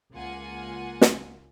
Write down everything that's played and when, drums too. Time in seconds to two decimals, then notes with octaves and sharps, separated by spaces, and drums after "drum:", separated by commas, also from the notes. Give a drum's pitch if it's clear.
0.12 C#2 A#3 F4 F#5 G#5
1.01 drum: snare